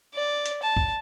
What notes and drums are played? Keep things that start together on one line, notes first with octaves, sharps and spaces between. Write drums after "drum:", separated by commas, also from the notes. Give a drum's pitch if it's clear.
D5
drum: hi-hat
A5
drum: kick